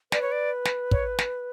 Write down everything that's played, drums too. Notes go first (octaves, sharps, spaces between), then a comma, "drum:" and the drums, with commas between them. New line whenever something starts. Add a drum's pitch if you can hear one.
B4 D5, drum: snare
C#5
D5
drum: snare
C#5, drum: kick
drum: snare